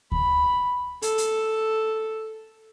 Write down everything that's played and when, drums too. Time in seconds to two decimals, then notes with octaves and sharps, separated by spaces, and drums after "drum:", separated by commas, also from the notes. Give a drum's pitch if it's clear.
0.12 B5, drum: kick D2
1.02 A4, drum: hi-hat
1.18 drum: hi-hat